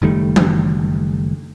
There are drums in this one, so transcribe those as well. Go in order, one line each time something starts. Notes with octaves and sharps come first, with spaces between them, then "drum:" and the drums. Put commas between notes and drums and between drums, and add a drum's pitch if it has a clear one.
F#1 D#3 G3 A3
drum: tom E3